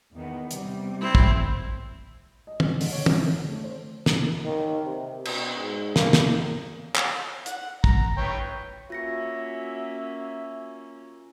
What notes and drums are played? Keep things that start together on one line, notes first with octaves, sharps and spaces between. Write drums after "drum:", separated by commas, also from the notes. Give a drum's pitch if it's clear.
E2 D#3 B3
C3 G3, drum: hi-hat
C4 E4
drum: kick
D#5
D#5, drum: tom
D3, drum: open hi-hat
C#5
E4, drum: tom
D3
A3
C5
drum: snare
D#3
C3
B2, drum: cymbal
G#2
A#3, drum: snare
drum: snare
drum: clap
F#5, drum: hi-hat
A#5, drum: kick
B4 C#5 G5
A#3 C#4 F4 F#4 E5 A#6 C#7